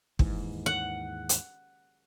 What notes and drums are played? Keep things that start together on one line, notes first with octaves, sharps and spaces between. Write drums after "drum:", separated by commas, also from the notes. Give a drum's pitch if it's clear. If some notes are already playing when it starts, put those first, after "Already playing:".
D#2 G#2 E3, drum: kick
F#5
drum: hi-hat